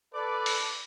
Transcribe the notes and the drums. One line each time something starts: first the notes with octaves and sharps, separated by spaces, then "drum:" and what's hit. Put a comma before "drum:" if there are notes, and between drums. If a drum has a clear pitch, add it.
A4 B4 D5
drum: open hi-hat